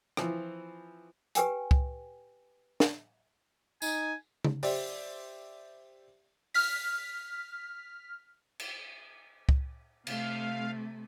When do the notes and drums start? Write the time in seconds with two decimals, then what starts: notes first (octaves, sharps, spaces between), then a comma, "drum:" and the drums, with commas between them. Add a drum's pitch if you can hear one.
0.17 E3 F3 C4, drum: rim click
1.35 G4 B4 G5 G#5, drum: hi-hat
1.71 drum: kick
2.80 drum: snare
3.82 D#4 G#5, drum: tambourine
4.44 drum: tom C#3
4.63 G4 C5 D5 E5, drum: open hi-hat
6.54 F6 B6, drum: open hi-hat
8.59 drum: cymbal
9.49 drum: kick
10.07 C3 A3 F5, drum: cymbal